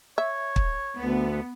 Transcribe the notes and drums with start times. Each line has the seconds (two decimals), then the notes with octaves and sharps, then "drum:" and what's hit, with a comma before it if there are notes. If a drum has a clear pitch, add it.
0.18 C#5 E5
0.56 drum: kick
0.99 D2 B3